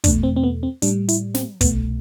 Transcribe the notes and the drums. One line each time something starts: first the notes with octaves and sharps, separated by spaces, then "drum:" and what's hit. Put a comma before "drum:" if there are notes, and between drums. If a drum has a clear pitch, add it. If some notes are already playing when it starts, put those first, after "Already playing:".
E2 B2 A3 D4, drum: kick, hi-hat
C4
C4
B3
C4
A2 G3 D4, drum: hi-hat
E4, drum: hi-hat
C4, drum: snare
C2 B2 A3 B3, drum: kick, hi-hat